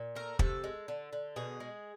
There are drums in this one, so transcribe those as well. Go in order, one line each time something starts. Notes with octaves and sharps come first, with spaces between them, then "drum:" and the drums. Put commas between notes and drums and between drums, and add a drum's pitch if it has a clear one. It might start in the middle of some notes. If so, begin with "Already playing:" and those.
Already playing: A#2
A3 A#4
C3 A4, drum: kick
G#3
D3
D3
B2 G#4
G#3